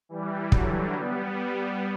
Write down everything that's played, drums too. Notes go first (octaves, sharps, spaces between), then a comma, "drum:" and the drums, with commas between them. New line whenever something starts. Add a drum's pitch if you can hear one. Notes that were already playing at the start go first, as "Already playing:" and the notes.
E3 G3
D3 F#3, drum: kick
G3 B3
G3 B3